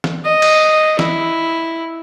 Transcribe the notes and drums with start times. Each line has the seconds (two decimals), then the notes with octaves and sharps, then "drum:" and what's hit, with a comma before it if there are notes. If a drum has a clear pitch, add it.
0.04 drum: snare
0.25 D#5
0.42 drum: cymbal
0.99 E4, drum: snare